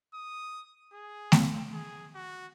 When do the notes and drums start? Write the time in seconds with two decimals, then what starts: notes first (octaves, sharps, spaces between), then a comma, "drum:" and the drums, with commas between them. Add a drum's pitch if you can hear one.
0.14 D#6
0.93 G#4
1.32 drum: snare A3
1.73 G#4
2.15 F#4